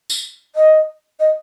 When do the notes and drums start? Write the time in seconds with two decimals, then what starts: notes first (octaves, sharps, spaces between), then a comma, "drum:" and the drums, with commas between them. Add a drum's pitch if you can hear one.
0.10 drum: tambourine
0.56 D#5
1.19 D#5